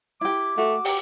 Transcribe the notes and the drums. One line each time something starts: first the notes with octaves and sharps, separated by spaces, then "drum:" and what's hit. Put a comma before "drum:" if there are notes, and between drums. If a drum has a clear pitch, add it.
E4 G4 D6
A3 F#4
G4, drum: open hi-hat